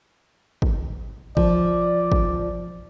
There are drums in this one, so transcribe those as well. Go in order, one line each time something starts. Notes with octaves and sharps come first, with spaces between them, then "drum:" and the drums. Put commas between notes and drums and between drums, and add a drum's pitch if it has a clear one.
drum: kick
F3 D5, drum: kick
drum: kick